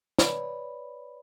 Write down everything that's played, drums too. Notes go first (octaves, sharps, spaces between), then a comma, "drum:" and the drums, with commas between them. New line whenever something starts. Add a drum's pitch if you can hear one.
B4 C#5 D5 B5, drum: snare